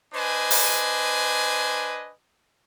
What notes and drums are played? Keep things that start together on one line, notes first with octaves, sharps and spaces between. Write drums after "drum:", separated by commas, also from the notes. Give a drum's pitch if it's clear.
D4 B4 C5 D#5 G#5
drum: open hi-hat